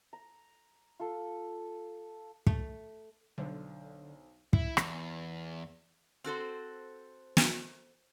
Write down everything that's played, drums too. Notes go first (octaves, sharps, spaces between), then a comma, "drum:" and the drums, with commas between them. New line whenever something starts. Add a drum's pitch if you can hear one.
A#5
F4 A4
A3, drum: kick
B1 D3 C5
E4, drum: kick
E2, drum: rim click
C4 F#4 A4 C5
drum: snare